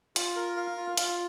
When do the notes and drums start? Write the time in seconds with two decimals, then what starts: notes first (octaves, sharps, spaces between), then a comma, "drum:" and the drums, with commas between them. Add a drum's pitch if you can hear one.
0.16 F4, drum: hi-hat
0.36 A#4
0.57 F5
0.77 F4
0.97 F4, drum: hi-hat